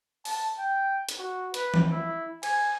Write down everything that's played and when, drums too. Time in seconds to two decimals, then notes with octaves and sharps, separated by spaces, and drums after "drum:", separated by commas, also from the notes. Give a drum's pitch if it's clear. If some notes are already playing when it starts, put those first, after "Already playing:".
0.25 A5, drum: open hi-hat
0.58 G5
1.09 drum: hi-hat
1.19 F#4
1.54 B4, drum: hi-hat
1.74 drum: tom E3
1.91 E4
2.43 G#5, drum: cymbal